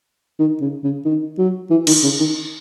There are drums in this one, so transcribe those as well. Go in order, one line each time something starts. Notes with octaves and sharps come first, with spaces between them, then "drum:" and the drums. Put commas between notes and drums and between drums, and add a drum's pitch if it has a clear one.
D#3
C#3
C#3
D#3
F#3
E3
D#3, drum: cymbal
C#3
D#3